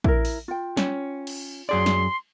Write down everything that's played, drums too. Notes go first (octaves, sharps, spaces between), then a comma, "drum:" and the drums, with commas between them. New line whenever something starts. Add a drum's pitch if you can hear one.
E4 A#4, drum: kick
drum: open hi-hat
F4 G5
C#4, drum: snare
drum: cymbal
F#2 G#4 D5 C6
drum: snare